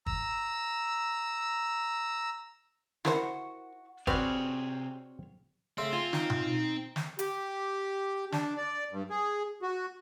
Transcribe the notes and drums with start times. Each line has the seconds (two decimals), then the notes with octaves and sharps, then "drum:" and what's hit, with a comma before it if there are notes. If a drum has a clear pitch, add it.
0.06 A#5 E6, drum: kick
3.05 E4 F#4 A#4 C5 C#6, drum: snare
4.07 C3 C4 F#4 G#4 B4 C#5 D5 F6, drum: kick
5.78 C#3 A3 C4 E5 C6
5.93 F4 G#5
6.13 D#4, drum: snare
6.30 drum: tom B2
6.96 drum: snare
7.19 G4, drum: hi-hat
8.32 D4, drum: snare
8.57 D5
8.91 G2
9.10 G#4
9.62 F#4